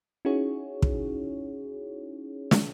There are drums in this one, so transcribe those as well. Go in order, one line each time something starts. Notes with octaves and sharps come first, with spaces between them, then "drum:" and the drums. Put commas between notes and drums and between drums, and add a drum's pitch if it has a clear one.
C#4 D#4 E4 F#4 G#4 C#5
drum: kick
drum: snare